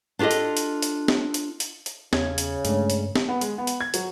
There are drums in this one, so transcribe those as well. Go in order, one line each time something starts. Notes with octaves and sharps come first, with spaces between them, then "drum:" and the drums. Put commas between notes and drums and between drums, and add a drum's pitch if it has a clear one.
D4 F4 G4 A4 D#5
drum: hi-hat
drum: hi-hat
drum: hi-hat
drum: snare
drum: hi-hat
drum: hi-hat
drum: hi-hat
E2 C#3 G#6, drum: snare
drum: hi-hat
G2 G#3 A3 D4, drum: hi-hat
drum: hi-hat
drum: snare
B3
G#3, drum: hi-hat
B3
drum: hi-hat
G#6
F#3, drum: hi-hat